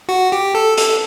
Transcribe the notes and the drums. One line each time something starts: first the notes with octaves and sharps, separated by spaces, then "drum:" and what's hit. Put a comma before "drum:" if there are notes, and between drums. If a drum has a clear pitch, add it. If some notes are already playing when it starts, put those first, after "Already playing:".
F#4
G4
A4
A4, drum: hi-hat